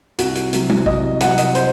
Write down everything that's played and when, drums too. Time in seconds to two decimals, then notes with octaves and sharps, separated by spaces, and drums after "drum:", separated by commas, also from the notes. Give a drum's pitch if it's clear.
0.19 C2 F#4, drum: hi-hat
0.35 drum: hi-hat
0.53 C3 F#3, drum: hi-hat
0.70 drum: tom
0.86 C2 D#5, drum: kick
1.20 C3 F#3 F#5, drum: hi-hat
1.38 D#5, drum: hi-hat
1.55 C5, drum: hi-hat